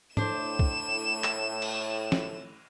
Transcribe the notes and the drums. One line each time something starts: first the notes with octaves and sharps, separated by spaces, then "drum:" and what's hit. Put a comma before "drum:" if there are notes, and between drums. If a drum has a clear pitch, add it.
A2 D4 C5 E7, drum: tom G#2
drum: kick B1
drum: clap
drum: cymbal
drum: snare